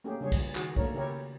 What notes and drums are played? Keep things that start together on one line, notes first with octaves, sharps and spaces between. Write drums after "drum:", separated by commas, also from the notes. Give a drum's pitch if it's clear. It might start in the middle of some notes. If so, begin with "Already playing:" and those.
A3 A#3 C#4 G4 G#4
C#3 G3 D4 G#4 C#5
drum: kick, cymbal
D#3 F#4 G#4, drum: clap
A3 A#3 D4 A#4 C#5, drum: kick
C#3 E4 G4 A#4 C#5